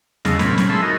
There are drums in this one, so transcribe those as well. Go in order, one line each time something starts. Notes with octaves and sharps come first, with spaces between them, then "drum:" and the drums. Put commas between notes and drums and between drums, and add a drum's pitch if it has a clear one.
E2 C#3 G#3 A4 D#5 F5, drum: snare
A#2 C4 C#5 B5 F6, drum: snare
C#5, drum: snare
G#4 A4 E5 A5 B5 C6
D#4 F#4 A#4 D#5